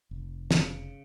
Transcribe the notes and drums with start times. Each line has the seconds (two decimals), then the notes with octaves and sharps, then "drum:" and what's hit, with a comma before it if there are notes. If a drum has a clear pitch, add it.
0.11 F1
0.51 C#3, drum: snare